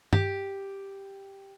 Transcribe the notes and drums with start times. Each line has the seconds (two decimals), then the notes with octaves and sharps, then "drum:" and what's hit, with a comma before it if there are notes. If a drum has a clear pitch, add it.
0.13 G4, drum: tom G2